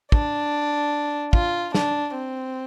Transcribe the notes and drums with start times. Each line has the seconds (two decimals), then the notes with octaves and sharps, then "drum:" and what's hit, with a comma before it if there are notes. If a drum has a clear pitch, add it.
0.12 D4, drum: kick
1.33 F4, drum: kick
1.75 D4, drum: snare
2.14 C4